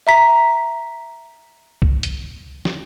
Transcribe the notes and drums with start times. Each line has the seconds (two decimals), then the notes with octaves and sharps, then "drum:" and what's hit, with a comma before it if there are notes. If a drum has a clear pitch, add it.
0.07 E5 A#5 B6
1.82 drum: kick C2
2.03 drum: hi-hat
2.65 drum: snare